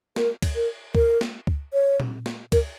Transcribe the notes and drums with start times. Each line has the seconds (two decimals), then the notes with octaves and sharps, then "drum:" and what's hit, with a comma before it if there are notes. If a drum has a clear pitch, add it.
0.16 A#4, drum: snare
0.42 drum: kick C#2, cymbal
0.55 A#4
0.95 A#4, drum: kick C#2
1.21 drum: snare
1.47 drum: kick C#2
1.73 C#5
2.00 drum: tom A#2
2.26 drum: snare
2.52 A#4, drum: kick C#2, cymbal